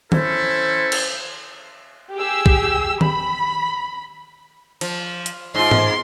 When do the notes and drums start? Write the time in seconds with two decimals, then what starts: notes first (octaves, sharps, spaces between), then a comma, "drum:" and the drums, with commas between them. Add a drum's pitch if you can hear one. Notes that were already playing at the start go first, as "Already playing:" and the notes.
0.12 C#4 E4 A4 C5, drum: tom D#3
0.92 drum: cymbal
2.15 G4 G#4 E6
2.46 drum: kick B1
3.01 B5, drum: tom D#3
4.81 F3, drum: cymbal
5.26 drum: hi-hat
5.55 G#2 F4 C6
5.71 drum: tom G#2